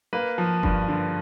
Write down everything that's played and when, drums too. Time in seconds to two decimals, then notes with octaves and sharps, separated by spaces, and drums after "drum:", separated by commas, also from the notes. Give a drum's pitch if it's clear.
0.13 A#3 B4
0.38 F3
0.63 G2, drum: kick F#1
0.88 D3